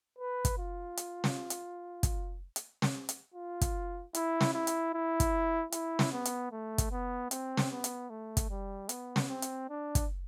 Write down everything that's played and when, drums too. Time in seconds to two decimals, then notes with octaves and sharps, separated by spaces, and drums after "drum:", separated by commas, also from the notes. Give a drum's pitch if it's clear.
0.19 B4
0.45 drum: kick, hi-hat
0.58 F4
0.97 drum: hi-hat
1.24 drum: snare
1.50 drum: hi-hat
2.03 drum: kick, hi-hat
2.56 drum: hi-hat
2.82 drum: snare
3.09 drum: hi-hat
3.34 F4
3.61 drum: kick, hi-hat
4.14 E4, drum: hi-hat
4.41 drum: snare
4.54 E4
4.67 drum: hi-hat
4.94 E4
5.20 drum: kick, hi-hat
5.72 E4, drum: hi-hat
5.99 drum: snare
6.12 B3
6.25 drum: hi-hat
6.52 A3
6.78 drum: kick, hi-hat
6.92 B3
7.31 C4, drum: hi-hat
7.57 drum: snare
7.71 B3
7.84 drum: hi-hat
8.10 A3
8.37 drum: kick, hi-hat
8.50 G3
8.89 B3, drum: hi-hat
9.16 drum: snare
9.29 C4
9.42 drum: hi-hat
9.69 D4
9.95 drum: kick, hi-hat